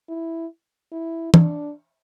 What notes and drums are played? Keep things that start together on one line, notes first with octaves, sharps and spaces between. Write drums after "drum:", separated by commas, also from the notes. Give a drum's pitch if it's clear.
E4
E4
D4, drum: tom